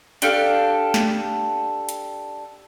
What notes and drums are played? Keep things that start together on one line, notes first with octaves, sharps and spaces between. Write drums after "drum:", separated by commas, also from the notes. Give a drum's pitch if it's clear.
D4 G4 A4 F5, drum: hi-hat
drum: snare
drum: hi-hat